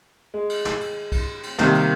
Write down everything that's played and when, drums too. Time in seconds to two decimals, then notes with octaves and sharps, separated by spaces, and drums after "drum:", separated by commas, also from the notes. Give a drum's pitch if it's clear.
0.34 G#3
0.49 drum: cymbal
0.65 drum: snare
0.81 drum: cymbal
1.12 drum: kick, cymbal
1.43 drum: cymbal
1.59 C3 D#3 G3 A#3, drum: snare
1.74 drum: cymbal